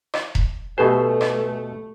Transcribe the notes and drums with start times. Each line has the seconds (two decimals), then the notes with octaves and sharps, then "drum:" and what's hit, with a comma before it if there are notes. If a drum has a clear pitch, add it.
0.14 drum: rim click
0.35 drum: kick E1
0.78 B2 A3 G4 A4 B4 C5 G#5
1.21 drum: rim click